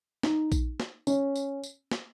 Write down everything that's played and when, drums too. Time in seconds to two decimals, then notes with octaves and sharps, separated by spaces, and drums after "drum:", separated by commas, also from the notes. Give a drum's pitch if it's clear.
0.23 D#4, drum: snare
0.52 drum: kick A#1, tambourine
0.80 drum: snare
1.07 C#4, drum: tambourine
1.36 drum: tambourine
1.64 drum: tambourine
1.91 drum: snare